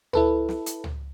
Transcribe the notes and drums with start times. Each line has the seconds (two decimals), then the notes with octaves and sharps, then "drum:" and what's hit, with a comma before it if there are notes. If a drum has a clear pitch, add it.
0.13 E4 A4 B4, drum: tom C#2
0.49 drum: snare
0.66 drum: hi-hat
0.84 drum: tom C#2